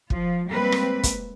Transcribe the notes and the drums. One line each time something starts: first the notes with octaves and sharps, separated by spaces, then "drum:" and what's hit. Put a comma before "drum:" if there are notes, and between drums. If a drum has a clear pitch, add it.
F3 F4, drum: kick
G3 G#3 A#3 C4 B4
drum: rim click
drum: kick, hi-hat